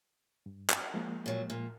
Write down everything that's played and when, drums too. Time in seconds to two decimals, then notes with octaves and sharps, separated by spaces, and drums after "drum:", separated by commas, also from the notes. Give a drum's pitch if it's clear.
0.46 G2
0.70 drum: clap
0.94 F3 G#3 A#3
1.26 A#2 F#3
1.50 A#2